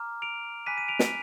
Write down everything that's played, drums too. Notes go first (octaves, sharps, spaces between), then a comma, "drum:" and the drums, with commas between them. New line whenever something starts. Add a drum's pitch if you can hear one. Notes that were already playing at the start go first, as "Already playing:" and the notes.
Already playing: A#5 D6 F6
D7 F7
G#5 B5 D6 F#6 B6 D#7
B6 D#7
D7 F7
B6 D#7, drum: snare